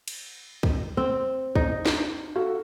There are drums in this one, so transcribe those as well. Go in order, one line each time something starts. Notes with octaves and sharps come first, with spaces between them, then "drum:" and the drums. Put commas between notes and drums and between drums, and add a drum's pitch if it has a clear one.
drum: cymbal
drum: kick
C4
D#4, drum: kick
drum: snare
F#4 A4 F5